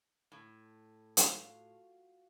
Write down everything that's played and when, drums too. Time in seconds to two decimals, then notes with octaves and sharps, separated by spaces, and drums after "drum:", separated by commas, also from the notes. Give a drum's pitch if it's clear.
0.32 A2
1.17 F4 F#4 F5, drum: hi-hat